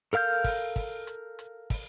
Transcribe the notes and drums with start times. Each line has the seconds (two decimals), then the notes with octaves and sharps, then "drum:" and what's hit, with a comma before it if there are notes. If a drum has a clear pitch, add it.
0.13 A4 A#4 F5 F6 G6, drum: hi-hat
0.44 drum: kick, open hi-hat
0.76 drum: kick, open hi-hat
1.07 drum: hi-hat
1.39 drum: hi-hat
1.70 drum: kick, open hi-hat